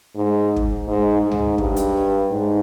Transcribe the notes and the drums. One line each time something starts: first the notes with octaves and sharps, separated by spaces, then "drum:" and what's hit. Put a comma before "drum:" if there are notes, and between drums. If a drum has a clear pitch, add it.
G#2
drum: kick
G#2
G#2
drum: tom C#2
G2, drum: kick
drum: hi-hat
G#2